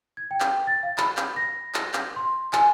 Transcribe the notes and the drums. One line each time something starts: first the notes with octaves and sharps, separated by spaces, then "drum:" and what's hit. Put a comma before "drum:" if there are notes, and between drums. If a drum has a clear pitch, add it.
G#6
G5
drum: clap
A6
F5
B5, drum: clap
drum: clap
A#6
drum: clap
drum: clap
C6
G#5, drum: clap